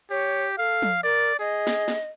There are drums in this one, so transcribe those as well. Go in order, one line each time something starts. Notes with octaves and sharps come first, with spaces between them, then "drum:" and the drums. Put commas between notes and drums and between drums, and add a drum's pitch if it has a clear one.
G4 C#5
A4 F5
drum: tom F3
A#4 D5
G#4 D#5
drum: snare
drum: snare